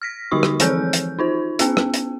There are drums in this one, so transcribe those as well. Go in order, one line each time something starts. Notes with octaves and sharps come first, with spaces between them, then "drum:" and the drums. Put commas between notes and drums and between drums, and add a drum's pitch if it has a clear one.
F6 A#6 B6
D3 G3 D#4 F#4 G4 C#6
drum: rim click
E3 F3 C4 G#4 A4 G6, drum: hi-hat
drum: hi-hat
D#4 F4 C5
B3 C#4 G#4, drum: hi-hat
drum: rim click
drum: hi-hat